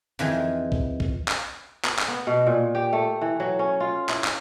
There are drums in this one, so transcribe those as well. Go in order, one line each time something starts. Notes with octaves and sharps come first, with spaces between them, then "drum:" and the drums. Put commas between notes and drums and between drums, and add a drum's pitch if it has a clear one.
F2 D#3 E3 G#4
drum: kick
drum: kick
drum: clap
drum: clap
drum: clap
B3
B2
A#2
G4
A3
E3
F#3
C#4
F4
E4, drum: clap
drum: clap